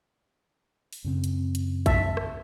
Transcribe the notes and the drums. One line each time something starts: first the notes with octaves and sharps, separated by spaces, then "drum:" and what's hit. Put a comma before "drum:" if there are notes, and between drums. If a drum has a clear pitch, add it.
drum: open hi-hat
F#2 C#3 C4
drum: hi-hat
drum: hi-hat
E5 A5, drum: kick, hi-hat
drum: rim click